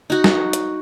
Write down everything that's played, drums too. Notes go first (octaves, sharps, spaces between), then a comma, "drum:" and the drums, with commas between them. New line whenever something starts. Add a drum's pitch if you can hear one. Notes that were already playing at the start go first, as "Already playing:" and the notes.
D#4 F#4
drum: snare
drum: hi-hat